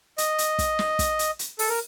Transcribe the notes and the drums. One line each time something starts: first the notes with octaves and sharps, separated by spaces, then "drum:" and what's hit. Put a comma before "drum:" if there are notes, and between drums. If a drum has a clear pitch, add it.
D#5, drum: hi-hat
drum: hi-hat
drum: kick, hi-hat
drum: snare
drum: kick, hi-hat
drum: hi-hat
drum: hi-hat
A4, drum: open hi-hat
A#4